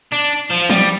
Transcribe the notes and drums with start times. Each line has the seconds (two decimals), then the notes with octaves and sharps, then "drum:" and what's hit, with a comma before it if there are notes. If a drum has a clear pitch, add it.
0.12 D4
0.51 F3
0.70 G3, drum: tom